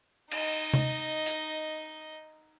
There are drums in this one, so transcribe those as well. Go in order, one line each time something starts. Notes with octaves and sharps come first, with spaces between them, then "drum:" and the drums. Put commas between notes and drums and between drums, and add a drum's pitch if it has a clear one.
D#4 D#5, drum: cymbal
drum: tom C3
drum: hi-hat